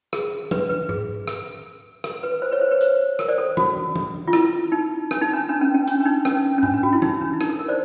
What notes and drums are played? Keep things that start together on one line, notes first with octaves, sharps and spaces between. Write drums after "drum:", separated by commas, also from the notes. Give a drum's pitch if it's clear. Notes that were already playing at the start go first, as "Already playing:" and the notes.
G#4, drum: rim click
B4, drum: tom
B4
G#4, drum: tom G#2
drum: rim click
drum: rim click
B4
C5
B4 C#5
C5
B4 C#5
C5, drum: hi-hat
A#4, drum: rim click
C5 D5
A4
F#4, drum: tom
drum: tom
F4
E4, drum: rim click
D#4
D4, drum: rim click
D#4
D4
D4
C#4
C#4
D4, drum: hi-hat
D4
D#4
C#4, drum: rim click
C#4
D4, drum: tom G#2
D4
F#4
E4
D#4, drum: tom
D4
E4
D#4, drum: rim click
A4
A#4
C5 D5